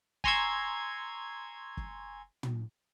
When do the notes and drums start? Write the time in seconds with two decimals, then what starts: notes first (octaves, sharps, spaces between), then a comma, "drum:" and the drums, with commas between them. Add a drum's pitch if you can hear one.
0.24 G#5 A#5 C6 C#6 E6 G#6, drum: kick
1.77 drum: kick
2.43 drum: tom